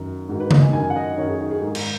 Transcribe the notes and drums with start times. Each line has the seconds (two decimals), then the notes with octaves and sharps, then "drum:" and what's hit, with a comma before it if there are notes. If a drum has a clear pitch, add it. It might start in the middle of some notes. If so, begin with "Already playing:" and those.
Already playing: F#2 D#3
0.29 G#2 D#3 F#4
0.40 B4
0.51 D#5, drum: tom C#3
0.62 G#5
0.73 F#2 D#3 G#5
0.90 F#5
0.96 D#5
1.18 F#2 D#3 C#5
1.29 G#4
1.40 D#4
1.51 G#4
1.62 G#2 D#3 G#4
1.75 drum: cymbal